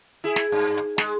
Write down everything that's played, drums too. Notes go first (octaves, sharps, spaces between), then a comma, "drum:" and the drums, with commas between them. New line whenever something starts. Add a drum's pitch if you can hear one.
E4 G#4
drum: snare
G2
drum: hi-hat
G#3, drum: snare